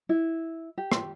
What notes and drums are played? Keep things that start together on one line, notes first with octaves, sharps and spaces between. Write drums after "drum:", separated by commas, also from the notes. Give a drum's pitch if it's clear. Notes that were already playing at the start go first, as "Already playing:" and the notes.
E4
G4
drum: rim click